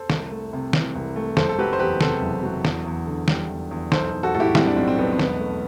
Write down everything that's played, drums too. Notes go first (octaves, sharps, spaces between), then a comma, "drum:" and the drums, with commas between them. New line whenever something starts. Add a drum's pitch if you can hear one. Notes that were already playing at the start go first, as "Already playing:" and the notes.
Already playing: A4 C5
C2, drum: snare
A3
C3
E3, drum: snare
C2
A3
F#1 A4 C5, drum: snare
A4
F#3 G4 B4
C5
E2 G4 B4
C3 A4 C5, drum: snare
F#1
F#3
E2, drum: snare
E2
D3
G3, drum: snare
E2
E2
B1 A4 C5, drum: snare
B1
F#4 A4
A2 A4
E4 G4
G3 C4 E4, drum: snare
D4
B1 C4
C4
B1 B3
C4
E1 B3, drum: snare
A3